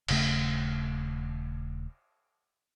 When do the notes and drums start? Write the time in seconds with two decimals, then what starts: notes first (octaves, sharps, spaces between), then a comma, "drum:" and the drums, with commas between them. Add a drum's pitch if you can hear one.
0.08 D#1 C#3 A3, drum: cymbal